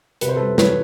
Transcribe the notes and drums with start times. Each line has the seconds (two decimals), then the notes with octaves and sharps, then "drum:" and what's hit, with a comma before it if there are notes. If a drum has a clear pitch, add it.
0.21 C3 B4, drum: hi-hat
0.29 C5
0.36 G3 A4 B4
0.58 E3 B4 C#5, drum: snare